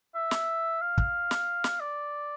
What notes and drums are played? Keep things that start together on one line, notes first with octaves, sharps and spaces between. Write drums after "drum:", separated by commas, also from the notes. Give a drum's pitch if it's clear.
E5
drum: snare
F5
drum: kick
drum: snare
drum: snare
D5